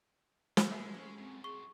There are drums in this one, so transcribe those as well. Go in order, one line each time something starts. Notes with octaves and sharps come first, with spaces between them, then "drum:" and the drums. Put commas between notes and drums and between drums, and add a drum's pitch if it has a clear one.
drum: snare
G#3 E5
C#4 G#4 A4
F#2 A#2 C4
G#4 C6 C#6